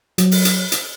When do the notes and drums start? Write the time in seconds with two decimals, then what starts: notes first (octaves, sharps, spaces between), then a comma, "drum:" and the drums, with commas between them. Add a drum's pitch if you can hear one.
0.18 F#3, drum: hi-hat
0.32 drum: open hi-hat
0.45 drum: hi-hat
0.72 drum: hi-hat